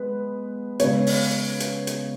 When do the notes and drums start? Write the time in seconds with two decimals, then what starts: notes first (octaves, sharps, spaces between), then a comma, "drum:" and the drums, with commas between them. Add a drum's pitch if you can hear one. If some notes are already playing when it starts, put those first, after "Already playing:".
Already playing: G#3 B3 B4
0.80 C#3 G#3 B3 C#5, drum: hi-hat
1.07 drum: open hi-hat
1.60 drum: hi-hat
1.87 drum: hi-hat